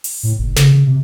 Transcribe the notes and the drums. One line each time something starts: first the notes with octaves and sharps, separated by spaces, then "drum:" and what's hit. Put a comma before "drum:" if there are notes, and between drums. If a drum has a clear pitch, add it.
drum: open hi-hat
A2
F#1
C#3, drum: snare
C#3
C3